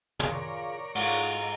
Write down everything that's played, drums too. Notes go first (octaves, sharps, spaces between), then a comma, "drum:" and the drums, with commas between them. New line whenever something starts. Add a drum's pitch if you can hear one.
F4 G#4 A#4 C#5 D5, drum: tom
G#2 G#3 F4 F#4 A#5, drum: cymbal